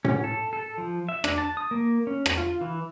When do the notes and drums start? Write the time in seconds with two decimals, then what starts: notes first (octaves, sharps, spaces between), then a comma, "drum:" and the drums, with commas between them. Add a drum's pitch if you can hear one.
0.05 C#4, drum: tom A2
0.24 A4
0.53 A4
0.78 F3
1.09 E5
1.24 D4, drum: rim click
1.38 A5
1.57 D#6
1.71 A#3
2.07 C#4
2.26 drum: rim click
2.37 F4
2.61 E3